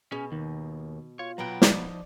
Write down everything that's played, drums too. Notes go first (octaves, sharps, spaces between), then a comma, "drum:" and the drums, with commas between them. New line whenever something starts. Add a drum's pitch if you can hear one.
B2 C#4 G#4
D#2 D#3
F4 C#5
B2 F#3 B3 G5 A#5
F3 D#4 D5, drum: snare